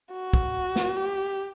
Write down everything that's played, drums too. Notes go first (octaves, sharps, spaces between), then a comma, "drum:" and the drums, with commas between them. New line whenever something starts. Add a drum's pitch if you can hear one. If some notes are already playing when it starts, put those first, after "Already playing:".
F#4
drum: kick
drum: snare
G4